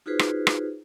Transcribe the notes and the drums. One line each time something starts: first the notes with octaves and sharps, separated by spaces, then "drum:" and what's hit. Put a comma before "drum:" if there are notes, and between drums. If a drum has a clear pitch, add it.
D#4 F4 F#4 G#4 B4 C5
drum: rim click
drum: rim click